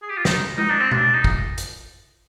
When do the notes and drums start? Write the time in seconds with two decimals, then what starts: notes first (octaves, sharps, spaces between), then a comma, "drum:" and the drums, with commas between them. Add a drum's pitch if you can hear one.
0.02 G#4
0.09 G4
0.17 F4
0.25 D#4, drum: snare
0.58 D#4, drum: tom G#3
0.70 D4
0.80 C4
0.91 D4, drum: tom B2
1.14 D#4
1.24 drum: kick
1.58 drum: hi-hat